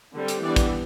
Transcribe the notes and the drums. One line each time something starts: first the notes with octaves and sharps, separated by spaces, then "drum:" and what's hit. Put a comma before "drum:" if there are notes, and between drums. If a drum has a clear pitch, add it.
D3 G3 C4
drum: hi-hat
E3 G3 B3 D4 D5
drum: kick, hi-hat